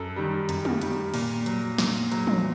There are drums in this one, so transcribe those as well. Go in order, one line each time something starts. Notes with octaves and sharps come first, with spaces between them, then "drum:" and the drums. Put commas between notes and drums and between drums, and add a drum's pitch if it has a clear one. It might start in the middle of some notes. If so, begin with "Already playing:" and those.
Already playing: F#2 A4
D#3 G3
F#2, drum: hi-hat
drum: tom
D#3 G3, drum: hi-hat
A#2, drum: open hi-hat
F#3, drum: hi-hat
A#2, drum: snare
F#3, drum: hi-hat
drum: tom